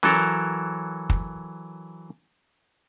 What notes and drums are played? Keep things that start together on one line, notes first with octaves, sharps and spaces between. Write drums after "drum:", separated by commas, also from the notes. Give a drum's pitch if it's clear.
E3 F#3 A4 A#4, drum: snare C#4
drum: kick